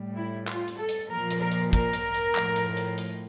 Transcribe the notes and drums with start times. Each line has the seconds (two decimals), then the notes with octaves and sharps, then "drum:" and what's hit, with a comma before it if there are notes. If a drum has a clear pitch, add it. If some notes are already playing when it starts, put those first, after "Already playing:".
Already playing: A2 G3
0.15 E4
0.48 F4, drum: clap
0.68 drum: hi-hat
0.78 A4
0.89 drum: hi-hat
1.09 A#2 F3 A#4
1.31 drum: hi-hat
1.40 A#4
1.52 drum: hi-hat
1.73 A#4, drum: kick, hi-hat
1.93 drum: hi-hat
2.14 drum: hi-hat
2.35 A2 F3, drum: clap
2.56 drum: hi-hat
2.77 drum: hi-hat
2.98 drum: hi-hat